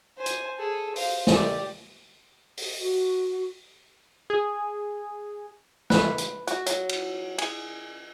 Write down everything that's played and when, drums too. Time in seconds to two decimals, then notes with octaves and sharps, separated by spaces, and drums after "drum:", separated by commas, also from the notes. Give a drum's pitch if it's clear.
0.17 C5 G#5
0.26 drum: hi-hat
0.58 G#4 A4
0.96 C5 F5, drum: open hi-hat
1.27 G4 D5, drum: snare
2.57 drum: open hi-hat
2.80 F#4
4.30 G#4
5.90 B4, drum: snare
6.18 drum: hi-hat
6.47 F#4, drum: hi-hat
6.66 F#3, drum: hi-hat
6.89 drum: cymbal
7.38 G#4, drum: cymbal